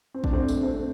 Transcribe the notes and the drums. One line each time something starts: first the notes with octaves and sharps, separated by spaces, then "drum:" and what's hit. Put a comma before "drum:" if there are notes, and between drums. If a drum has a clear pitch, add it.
C4
D4, drum: kick
A3 C4
drum: tambourine
A3 C4
C4